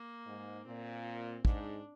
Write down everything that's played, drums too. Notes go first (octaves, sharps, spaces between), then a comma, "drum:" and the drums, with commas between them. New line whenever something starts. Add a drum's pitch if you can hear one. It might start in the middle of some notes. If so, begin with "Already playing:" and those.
Already playing: A#3
G#2
A#2 C4
G#2 D4, drum: kick